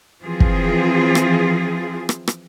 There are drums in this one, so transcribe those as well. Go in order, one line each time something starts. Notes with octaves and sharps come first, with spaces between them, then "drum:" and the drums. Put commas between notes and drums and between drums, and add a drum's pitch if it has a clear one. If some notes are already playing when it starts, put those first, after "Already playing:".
E3 F3 C4 F4 G#4
drum: kick
drum: rim click
drum: rim click
drum: rim click